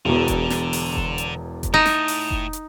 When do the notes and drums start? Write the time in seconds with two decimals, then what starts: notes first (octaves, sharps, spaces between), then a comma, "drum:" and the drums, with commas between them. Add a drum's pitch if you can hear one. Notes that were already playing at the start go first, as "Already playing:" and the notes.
0.05 E1 E2 D3
0.28 drum: kick F1, hi-hat
0.50 drum: snare
0.73 drum: open hi-hat
0.95 drum: kick F1
1.18 drum: hi-hat
1.63 drum: kick F1, hi-hat
1.74 A2 D#4
1.86 drum: snare
2.08 drum: open hi-hat
2.31 drum: kick F1
2.53 drum: hi-hat